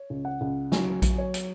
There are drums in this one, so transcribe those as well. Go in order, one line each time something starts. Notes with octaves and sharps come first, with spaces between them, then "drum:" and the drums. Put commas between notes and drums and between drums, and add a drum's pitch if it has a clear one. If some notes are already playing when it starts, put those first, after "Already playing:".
Already playing: C#5
C#2
F#5
C#2
F#3 G#5, drum: snare
F#3, drum: kick A#1, hi-hat
C#5
drum: hi-hat